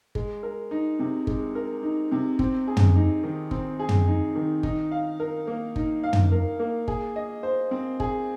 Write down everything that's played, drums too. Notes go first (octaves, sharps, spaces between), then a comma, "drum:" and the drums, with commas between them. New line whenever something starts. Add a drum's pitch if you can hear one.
G#3, drum: kick G1
A#4
D#4
C3
G#3, drum: kick G1
A#4
D#4
C3
C4, drum: kick G1
G#4
drum: tom
D#4
D#3
C4, drum: kick G1
G#4
drum: tom
D#4
D#3
D#4, drum: kick G1
F5
A#4
A#3
D#4, drum: kick G1
F5
drum: tom
A#4
A#3
G#4, drum: kick G1
D#5
C5
C4
G#4, drum: kick G1